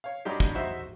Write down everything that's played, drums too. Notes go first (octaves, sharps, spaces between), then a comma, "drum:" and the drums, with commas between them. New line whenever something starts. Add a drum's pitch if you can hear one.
C#5 F5
G2 F#3 D4 D#4 G4
drum: kick
D#4 F#4 C5 E5